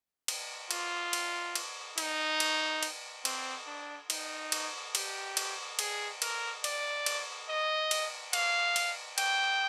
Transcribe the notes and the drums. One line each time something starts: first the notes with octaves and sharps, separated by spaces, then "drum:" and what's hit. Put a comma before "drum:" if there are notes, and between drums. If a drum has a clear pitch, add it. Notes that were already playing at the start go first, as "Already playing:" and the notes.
drum: cymbal
F4, drum: cymbal
drum: cymbal
drum: cymbal
D#4, drum: cymbal
drum: cymbal
drum: cymbal
C4, drum: cymbal
D4
D#4, drum: cymbal
drum: cymbal
G4, drum: cymbal
drum: cymbal
G#4, drum: cymbal
A#4, drum: cymbal
D5, drum: cymbal
drum: cymbal
D#5
drum: cymbal
F5, drum: cymbal
drum: cymbal
G5, drum: cymbal